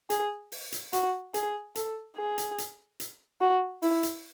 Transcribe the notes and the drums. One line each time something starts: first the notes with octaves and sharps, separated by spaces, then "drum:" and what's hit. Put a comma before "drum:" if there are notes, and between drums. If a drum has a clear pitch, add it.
G#4, drum: hi-hat
drum: open hi-hat
drum: hi-hat
F#4, drum: hi-hat
G#4, drum: hi-hat
A4, drum: hi-hat
G#4
drum: hi-hat
drum: hi-hat
drum: hi-hat
F#4
E4, drum: open hi-hat
drum: hi-hat